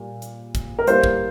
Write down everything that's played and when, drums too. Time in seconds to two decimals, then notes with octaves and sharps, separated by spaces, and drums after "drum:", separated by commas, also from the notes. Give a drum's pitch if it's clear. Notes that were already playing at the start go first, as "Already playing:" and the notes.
Already playing: A#2 G3 A#3
0.22 drum: hi-hat
0.55 drum: kick, hi-hat
0.79 A#4
0.87 G3 A#3 E4 C5, drum: hi-hat
1.04 drum: kick